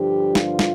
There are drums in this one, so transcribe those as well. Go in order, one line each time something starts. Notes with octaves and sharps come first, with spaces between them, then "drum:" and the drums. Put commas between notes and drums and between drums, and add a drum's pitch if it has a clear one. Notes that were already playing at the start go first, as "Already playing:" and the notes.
Already playing: G2 D3 F3 G4
F4, drum: snare
drum: snare